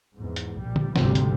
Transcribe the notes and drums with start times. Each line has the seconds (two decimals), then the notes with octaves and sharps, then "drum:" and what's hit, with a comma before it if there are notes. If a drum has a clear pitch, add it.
0.17 E2 G#2
0.36 drum: hi-hat
0.59 A#1 G3
0.76 drum: tom
0.96 G#1 D2 C3 G3, drum: snare
1.15 drum: hi-hat